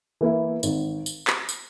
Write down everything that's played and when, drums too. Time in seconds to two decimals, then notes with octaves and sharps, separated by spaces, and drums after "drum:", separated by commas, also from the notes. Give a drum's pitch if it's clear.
0.21 E3 A#3 E4
0.63 G#1, drum: tambourine
1.06 drum: tambourine
1.27 drum: clap
1.49 drum: tambourine